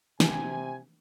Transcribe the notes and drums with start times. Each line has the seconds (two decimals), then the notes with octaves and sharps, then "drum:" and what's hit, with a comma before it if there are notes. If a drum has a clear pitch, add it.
0.20 C3 G#5, drum: snare